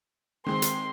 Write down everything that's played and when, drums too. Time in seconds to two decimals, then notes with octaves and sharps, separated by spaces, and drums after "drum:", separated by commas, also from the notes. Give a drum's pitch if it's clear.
0.46 D#3 G#3 C4 C6
0.62 drum: hi-hat